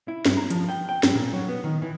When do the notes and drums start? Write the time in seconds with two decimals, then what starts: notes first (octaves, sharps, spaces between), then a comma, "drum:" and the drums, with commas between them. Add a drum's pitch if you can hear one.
0.08 E4
0.25 G2, drum: snare
0.37 A#5
0.50 F3, drum: hi-hat
0.69 G5
0.89 G5
1.03 G2, drum: snare
1.15 A#2
1.33 F#3
1.48 B3
1.64 D#3
1.82 E3